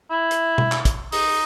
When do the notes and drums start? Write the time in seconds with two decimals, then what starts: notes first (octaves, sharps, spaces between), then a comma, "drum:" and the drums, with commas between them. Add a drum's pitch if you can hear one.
0.10 E4
0.31 drum: hi-hat
0.58 drum: tom B2
0.72 drum: clap
0.85 drum: kick, hi-hat
1.12 D#4, drum: open hi-hat